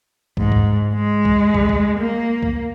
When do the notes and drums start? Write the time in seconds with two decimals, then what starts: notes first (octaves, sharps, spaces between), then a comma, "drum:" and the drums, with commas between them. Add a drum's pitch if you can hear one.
0.37 G#2, drum: kick
0.52 drum: kick
0.94 G#3
1.25 drum: kick
1.54 drum: kick
1.69 drum: kick
1.97 A#3
2.42 drum: kick